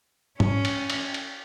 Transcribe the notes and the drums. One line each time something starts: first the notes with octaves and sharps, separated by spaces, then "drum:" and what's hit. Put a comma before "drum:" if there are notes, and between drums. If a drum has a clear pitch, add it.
C#4, drum: tom
drum: cymbal
drum: cymbal
drum: cymbal